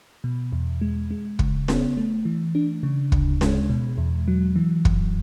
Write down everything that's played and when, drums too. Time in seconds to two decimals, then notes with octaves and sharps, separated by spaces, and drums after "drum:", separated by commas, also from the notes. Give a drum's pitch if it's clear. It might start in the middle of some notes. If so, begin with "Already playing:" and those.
0.24 B2
0.52 E2
0.81 G#3
1.11 G#3
1.39 C#3, drum: kick
1.68 B3, drum: snare C#4
1.97 A3
2.25 E3
2.55 D4
2.83 C#3
3.12 D2, drum: kick
3.41 G#3, drum: snare C#4
3.70 B2
3.98 E2
4.28 F#3
4.56 E3
4.85 F#2, drum: kick